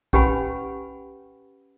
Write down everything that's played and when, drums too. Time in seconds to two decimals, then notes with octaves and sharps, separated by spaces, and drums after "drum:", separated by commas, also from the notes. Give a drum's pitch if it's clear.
0.13 C#4 G4 B4 F#5 G#5 B5, drum: kick B1